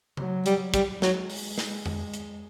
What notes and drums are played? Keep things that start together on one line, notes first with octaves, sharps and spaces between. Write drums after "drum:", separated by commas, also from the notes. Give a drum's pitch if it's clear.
F#3, drum: tom C#3
G3, drum: hi-hat
G3, drum: kick, hi-hat
F#3 G#3, drum: snare
drum: open hi-hat
drum: snare
drum: tom F2
drum: hi-hat